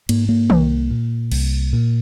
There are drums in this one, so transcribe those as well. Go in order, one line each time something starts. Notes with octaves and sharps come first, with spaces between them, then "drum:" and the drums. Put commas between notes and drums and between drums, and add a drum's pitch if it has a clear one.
G#2 A#3, drum: cymbal
A#3
C2, drum: tom D#3
A#2
C2, drum: cymbal
A#2